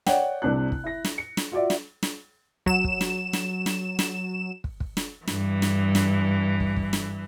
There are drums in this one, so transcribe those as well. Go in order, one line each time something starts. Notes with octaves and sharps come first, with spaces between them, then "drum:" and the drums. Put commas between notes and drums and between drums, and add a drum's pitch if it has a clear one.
C#5 D5 F#5 G5, drum: snare
C2 C3 D4 F#6
drum: kick
E4 A#6
drum: snare
C#7
drum: snare
F4 F#4 D5 E5
drum: snare
drum: snare
F#3 E7, drum: kick
drum: kick
drum: snare
drum: snare
drum: snare
drum: snare
drum: kick
drum: kick
drum: snare
G2 E3, drum: snare
drum: snare
drum: snare
drum: kick
drum: kick
drum: snare